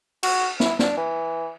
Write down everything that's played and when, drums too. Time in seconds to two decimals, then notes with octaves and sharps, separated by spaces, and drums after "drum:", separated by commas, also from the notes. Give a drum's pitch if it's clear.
0.23 F#4, drum: cymbal
0.60 E4, drum: snare
0.79 D4, drum: snare
0.97 E3